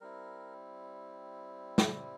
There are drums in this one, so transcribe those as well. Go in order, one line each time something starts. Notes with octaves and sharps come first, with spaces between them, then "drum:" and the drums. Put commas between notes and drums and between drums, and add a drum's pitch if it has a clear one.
G3 C4 E4 A#4
G#4, drum: snare